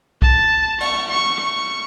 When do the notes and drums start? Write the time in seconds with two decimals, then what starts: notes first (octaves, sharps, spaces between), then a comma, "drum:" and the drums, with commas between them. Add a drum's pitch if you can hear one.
0.22 A5, drum: kick B1
0.80 C#6, drum: cymbal
1.10 C#6
1.39 C#6